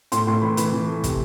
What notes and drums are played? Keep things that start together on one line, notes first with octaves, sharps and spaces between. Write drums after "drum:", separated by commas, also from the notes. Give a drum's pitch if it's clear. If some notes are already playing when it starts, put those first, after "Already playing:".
A2 C6, drum: hi-hat
A2 C6
E3 B5
E3 B5, drum: hi-hat
E3
A3
C3, drum: kick, hi-hat